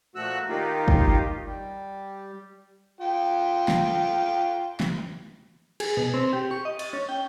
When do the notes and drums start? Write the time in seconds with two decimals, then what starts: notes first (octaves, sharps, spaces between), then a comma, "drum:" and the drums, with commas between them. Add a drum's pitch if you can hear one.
0.16 A#2 F3 A3 F#4 E6 F#6
0.49 D#3 A#3 D#4 F4 G4
0.88 drum: kick
1.44 G3
3.00 F4 G5
3.68 drum: snare
4.80 drum: snare
5.80 G#4, drum: cymbal
5.97 B2
6.14 C4
6.33 G4
6.51 C#6
6.65 D#5
6.79 A6, drum: cymbal
6.93 C#4
7.09 G5